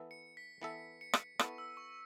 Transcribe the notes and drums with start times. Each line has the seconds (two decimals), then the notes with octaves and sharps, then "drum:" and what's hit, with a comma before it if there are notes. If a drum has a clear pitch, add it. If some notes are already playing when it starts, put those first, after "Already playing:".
Already playing: E3 B3 A4 E5
0.11 C#7
0.37 B6
0.62 E3 B3 A4 E5 C#7
1.01 C#7
1.13 drum: rim click
1.39 B3 E4 A4 C#6, drum: rim click
1.58 E6
1.77 C#6